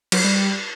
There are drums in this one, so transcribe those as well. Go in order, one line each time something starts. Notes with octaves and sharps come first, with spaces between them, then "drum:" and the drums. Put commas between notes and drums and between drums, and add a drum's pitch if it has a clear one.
F#3, drum: cymbal
G3